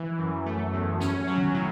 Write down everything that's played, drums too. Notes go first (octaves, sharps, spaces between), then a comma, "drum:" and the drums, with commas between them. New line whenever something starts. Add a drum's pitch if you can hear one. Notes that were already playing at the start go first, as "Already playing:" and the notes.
Already playing: E3
F#2
A3
E2
C#4, drum: snare
F#3
drum: tom D#3
A2